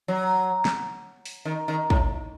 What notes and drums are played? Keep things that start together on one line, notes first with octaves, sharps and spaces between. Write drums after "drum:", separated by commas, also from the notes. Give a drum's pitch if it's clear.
F#3
drum: snare
drum: open hi-hat
D#3
D#3
A2, drum: kick